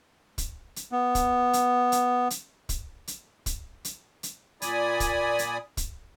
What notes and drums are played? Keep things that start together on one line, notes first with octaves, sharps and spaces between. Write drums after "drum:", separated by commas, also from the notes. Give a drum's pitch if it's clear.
drum: kick, hi-hat
drum: hi-hat
B3
drum: kick, hi-hat
drum: hi-hat
drum: hi-hat
drum: hi-hat
drum: kick, hi-hat
drum: hi-hat
drum: kick, hi-hat
drum: hi-hat
drum: hi-hat
A#2 D5 G#5 B5 D#6, drum: hi-hat
drum: kick, hi-hat
drum: hi-hat
drum: kick, hi-hat